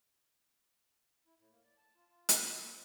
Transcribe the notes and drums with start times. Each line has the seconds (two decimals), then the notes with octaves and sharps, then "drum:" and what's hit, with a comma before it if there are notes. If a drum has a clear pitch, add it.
1.26 E4
1.39 A2
1.51 A#3
1.64 D5
1.77 A5
1.95 F4
2.08 F4
2.29 A#4, drum: hi-hat
2.44 D#6
2.57 F4
2.70 C5